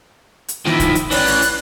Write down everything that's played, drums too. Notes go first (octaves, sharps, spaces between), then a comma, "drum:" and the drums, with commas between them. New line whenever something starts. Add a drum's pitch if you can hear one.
drum: hi-hat
D#3 F3 E4, drum: snare A#3
drum: kick, hi-hat
drum: hi-hat
E3 C#4 D5 B5 F#6, drum: open hi-hat
drum: open hi-hat
drum: hi-hat